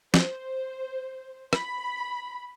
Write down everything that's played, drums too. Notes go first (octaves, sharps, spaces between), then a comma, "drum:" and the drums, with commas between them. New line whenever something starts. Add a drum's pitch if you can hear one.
C5, drum: snare
B5, drum: rim click